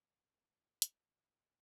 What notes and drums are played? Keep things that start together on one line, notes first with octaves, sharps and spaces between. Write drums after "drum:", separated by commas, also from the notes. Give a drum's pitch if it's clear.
G3 D#4 F4 F#4 G#4 D#5
D5, drum: hi-hat
E3 F3 D#4 E4 G4